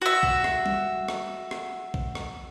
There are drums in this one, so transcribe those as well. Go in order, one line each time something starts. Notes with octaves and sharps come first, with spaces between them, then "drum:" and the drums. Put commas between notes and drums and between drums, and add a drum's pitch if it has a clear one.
F#4 E5
drum: kick B1
drum: rim click
drum: tom G3
drum: rim click
drum: rim click
drum: kick B1
drum: rim click